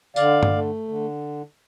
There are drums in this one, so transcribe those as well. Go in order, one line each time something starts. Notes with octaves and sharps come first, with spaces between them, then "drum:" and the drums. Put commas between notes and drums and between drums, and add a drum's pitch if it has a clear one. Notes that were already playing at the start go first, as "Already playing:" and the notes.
D3 D5 F5, drum: tambourine
drum: tom G2
A3
D3